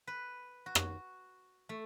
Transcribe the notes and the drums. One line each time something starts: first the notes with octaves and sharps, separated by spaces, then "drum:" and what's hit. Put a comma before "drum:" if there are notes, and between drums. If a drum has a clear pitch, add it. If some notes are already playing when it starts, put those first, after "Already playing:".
B4
F#4
drum: rim click
A3